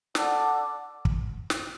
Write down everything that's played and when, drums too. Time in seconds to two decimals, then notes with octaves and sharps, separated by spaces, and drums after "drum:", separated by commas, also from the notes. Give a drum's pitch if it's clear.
0.15 D4 A4 D5 F#5, drum: snare
1.05 drum: kick
1.50 drum: snare